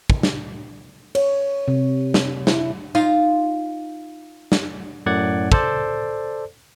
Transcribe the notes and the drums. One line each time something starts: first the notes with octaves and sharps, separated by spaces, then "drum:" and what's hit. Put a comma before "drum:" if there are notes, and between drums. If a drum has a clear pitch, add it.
drum: kick
drum: snare
C#5, drum: cymbal
C3
drum: snare
E4, drum: snare
D#4 F4, drum: tambourine
drum: snare
F#2 A2 D5 F#5 G#6
A4 C5 D5, drum: kick